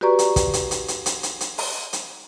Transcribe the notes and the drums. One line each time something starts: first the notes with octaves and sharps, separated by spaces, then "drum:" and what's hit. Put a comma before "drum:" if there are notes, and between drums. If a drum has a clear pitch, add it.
F#4 G4 B4 D5 A#5 C#6
drum: hi-hat
drum: kick, hi-hat
drum: hi-hat
drum: hi-hat
drum: hi-hat
drum: hi-hat
drum: hi-hat
drum: hi-hat
drum: open hi-hat
drum: hi-hat